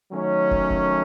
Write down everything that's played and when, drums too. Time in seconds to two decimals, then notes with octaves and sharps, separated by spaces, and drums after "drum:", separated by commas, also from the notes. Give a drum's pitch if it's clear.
0.10 D#3 F#3 A3 C#4
0.51 drum: kick
0.70 drum: kick